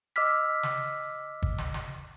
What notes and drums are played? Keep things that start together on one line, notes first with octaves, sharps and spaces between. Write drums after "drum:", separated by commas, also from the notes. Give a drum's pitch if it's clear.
D#5 D6 E6 F6 B6
drum: snare
drum: kick
drum: snare
drum: snare